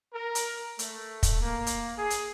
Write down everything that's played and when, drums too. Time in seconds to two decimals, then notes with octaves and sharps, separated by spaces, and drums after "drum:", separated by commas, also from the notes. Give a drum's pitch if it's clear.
0.13 A#4
0.35 drum: hi-hat
0.79 A3, drum: hi-hat
1.23 drum: kick, hi-hat
1.41 A#3
1.67 drum: hi-hat
1.97 G#4
2.10 drum: hi-hat